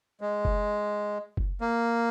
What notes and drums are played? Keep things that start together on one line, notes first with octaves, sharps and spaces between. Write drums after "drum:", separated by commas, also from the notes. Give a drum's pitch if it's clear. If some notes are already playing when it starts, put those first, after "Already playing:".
G#3
drum: kick F#1
drum: kick F#1
A#3